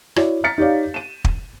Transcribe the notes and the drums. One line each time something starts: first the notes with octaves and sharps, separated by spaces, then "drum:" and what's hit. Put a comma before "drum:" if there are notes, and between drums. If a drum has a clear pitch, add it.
E4 F#4 C#5 D5, drum: rim click
A#5 F6 A6 B6 C#7
D#4 G4 C#5 D5 F5
D#7 E7
drum: kick